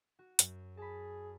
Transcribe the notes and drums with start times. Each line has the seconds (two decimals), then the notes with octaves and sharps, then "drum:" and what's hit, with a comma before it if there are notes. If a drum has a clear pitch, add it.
0.19 F#4
0.39 F#2, drum: hi-hat
0.77 G#4 A5 B5